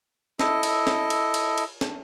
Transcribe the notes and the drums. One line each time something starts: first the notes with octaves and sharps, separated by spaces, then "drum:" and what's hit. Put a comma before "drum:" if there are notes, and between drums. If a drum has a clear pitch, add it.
E4 A4 D#5, drum: snare
drum: cymbal
drum: snare
drum: cymbal
drum: cymbal
drum: cymbal
drum: snare